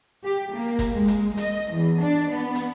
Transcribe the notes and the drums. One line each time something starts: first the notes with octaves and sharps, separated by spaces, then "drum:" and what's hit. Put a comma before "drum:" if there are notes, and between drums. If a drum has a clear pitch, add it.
G4
A#3
drum: kick G1, hi-hat
G#3
drum: hi-hat
D#5, drum: hi-hat
E2
D4
B3
drum: hi-hat